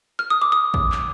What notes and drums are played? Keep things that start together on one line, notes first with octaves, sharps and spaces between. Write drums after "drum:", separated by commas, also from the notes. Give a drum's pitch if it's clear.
F6
D#6
D6
D#6
drum: kick A1
drum: clap